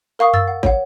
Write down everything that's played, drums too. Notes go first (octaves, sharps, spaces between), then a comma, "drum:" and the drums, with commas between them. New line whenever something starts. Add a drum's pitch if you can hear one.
A#4 F5 C#6 D#6
E6 A6, drum: tom F#2
F#5
C#5 F#5, drum: kick